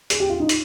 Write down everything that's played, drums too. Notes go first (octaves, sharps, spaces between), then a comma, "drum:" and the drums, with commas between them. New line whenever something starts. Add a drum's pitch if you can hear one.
G#4, drum: hi-hat
G4
F4
D#4
drum: hi-hat